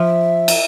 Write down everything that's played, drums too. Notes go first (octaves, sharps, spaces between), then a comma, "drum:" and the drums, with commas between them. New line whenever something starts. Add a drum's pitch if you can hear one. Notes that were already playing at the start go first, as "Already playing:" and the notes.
Already playing: F3 E5
drum: cymbal